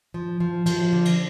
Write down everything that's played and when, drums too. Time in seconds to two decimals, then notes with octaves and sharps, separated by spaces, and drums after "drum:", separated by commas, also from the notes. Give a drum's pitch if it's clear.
0.14 F3
0.40 F3
0.66 F3, drum: cymbal
0.93 D3
1.05 drum: cymbal